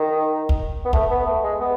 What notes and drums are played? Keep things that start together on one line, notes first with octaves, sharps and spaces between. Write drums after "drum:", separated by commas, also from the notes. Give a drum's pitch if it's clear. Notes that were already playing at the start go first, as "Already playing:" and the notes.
Already playing: D#3
drum: kick
B3
A3, drum: kick
B3
A3
G#3
B3